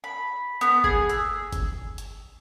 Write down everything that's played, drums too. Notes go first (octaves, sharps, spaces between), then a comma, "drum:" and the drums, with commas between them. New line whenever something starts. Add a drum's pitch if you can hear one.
B5
B3, drum: hi-hat
G#4, drum: kick G1
E6, drum: hi-hat
drum: kick G1, hi-hat
drum: hi-hat